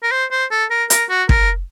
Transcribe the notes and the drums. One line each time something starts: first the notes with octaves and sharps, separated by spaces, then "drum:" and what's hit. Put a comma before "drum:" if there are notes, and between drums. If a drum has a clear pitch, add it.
A#4
C5
C5
A4
A#4
A#4, drum: hi-hat
F#4
A#4, drum: kick